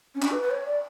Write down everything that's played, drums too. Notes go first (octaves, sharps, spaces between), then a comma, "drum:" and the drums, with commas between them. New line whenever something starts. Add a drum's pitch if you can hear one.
C#4
D4, drum: clap
B4
B4
C#5
D5